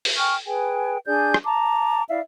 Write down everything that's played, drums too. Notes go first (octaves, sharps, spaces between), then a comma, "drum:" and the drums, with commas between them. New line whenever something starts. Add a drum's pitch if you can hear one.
drum: open hi-hat
G5 G#5 C#6 F6
G#4 B4 G5 G#5
D4 G#4 D5 G6
drum: rim click
A5 A#5 D6
E4 D5 E5 F5